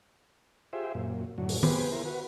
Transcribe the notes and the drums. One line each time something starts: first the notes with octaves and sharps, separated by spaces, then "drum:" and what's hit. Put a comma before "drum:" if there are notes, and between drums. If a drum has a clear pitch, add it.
F4 G4 G#4 C5 E5
F#2 A#2
F#2 A2 D3 F#3
drum: open hi-hat
B3 G4 G#4 B4 C5, drum: tom D#3
E4 A#4 C5
F#4 B4